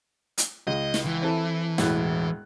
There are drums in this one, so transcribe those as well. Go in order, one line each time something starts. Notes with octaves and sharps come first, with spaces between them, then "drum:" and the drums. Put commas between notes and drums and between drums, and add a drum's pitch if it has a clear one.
drum: hi-hat
C#2 D#5
drum: snare
E3
C4 E4 A4
E1 A2 F#6, drum: snare